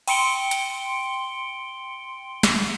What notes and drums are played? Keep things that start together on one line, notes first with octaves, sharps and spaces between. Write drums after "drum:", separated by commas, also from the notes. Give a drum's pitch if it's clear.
G5 C6 C#7 D7 G7, drum: cymbal
drum: hi-hat
drum: snare